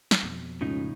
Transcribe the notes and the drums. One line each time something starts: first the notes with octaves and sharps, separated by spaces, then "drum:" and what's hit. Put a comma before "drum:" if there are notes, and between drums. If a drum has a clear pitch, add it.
drum: snare
F2 B2
C#2 A2 C#3 D#4